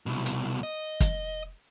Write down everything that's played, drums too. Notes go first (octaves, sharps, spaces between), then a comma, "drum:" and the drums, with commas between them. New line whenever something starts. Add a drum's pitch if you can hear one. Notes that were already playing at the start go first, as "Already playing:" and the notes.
C2 B2
drum: hi-hat
D#5
drum: kick, hi-hat